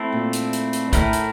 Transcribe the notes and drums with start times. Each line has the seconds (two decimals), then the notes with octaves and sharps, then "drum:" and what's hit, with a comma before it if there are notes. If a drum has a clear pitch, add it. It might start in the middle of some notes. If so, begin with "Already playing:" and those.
Already playing: A3 C4 E4 A4
0.12 A#2
0.33 drum: hi-hat
0.53 drum: hi-hat
0.73 drum: hi-hat
0.87 G2
0.93 A2 A3 E4 A#4, drum: kick, hi-hat
1.13 drum: hi-hat